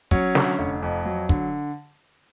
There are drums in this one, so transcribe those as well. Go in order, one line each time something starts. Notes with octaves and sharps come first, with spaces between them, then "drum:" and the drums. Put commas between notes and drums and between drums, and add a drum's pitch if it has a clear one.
F#3 C#4 C#5, drum: kick
D3, drum: snare
F1
F2
F#3
D3, drum: kick